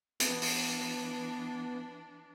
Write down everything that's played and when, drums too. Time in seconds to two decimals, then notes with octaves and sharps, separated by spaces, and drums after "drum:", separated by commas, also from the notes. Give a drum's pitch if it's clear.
0.20 E3 B3 D4, drum: hi-hat
0.42 drum: open hi-hat